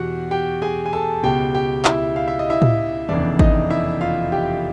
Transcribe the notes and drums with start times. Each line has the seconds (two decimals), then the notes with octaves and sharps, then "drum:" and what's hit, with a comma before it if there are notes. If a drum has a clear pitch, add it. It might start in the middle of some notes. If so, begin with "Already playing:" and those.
Already playing: E2 B2 F#4 G4 F#5
0.31 G4 G5
0.62 G#4 G#5
0.86 G#5
0.93 A4 A5
1.23 C#2 B2 G4 G5
1.54 G4 G5
1.85 E4 E5, drum: clap
2.16 F5
2.28 E5
2.39 D#5
2.50 E4 E5
2.62 drum: tom A2
3.09 F1 E2 C#3 E3 D4 D5
3.39 D#4 D#5, drum: kick G#1
3.70 E4 E5
4.01 F4 F5
4.32 G4 G5